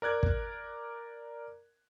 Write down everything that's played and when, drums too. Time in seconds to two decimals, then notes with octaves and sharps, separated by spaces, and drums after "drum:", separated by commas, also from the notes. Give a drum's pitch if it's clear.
0.02 A#4 D5 F#6 G#6
0.23 drum: kick